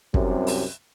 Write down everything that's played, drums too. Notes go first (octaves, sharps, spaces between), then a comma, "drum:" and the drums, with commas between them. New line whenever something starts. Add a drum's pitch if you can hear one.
C2 F#2 C3, drum: kick
drum: open hi-hat